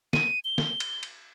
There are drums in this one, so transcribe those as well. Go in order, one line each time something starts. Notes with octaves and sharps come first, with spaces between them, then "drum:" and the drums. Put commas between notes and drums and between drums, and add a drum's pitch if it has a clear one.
D#7, drum: snare
G7
drum: snare
drum: cymbal
drum: cymbal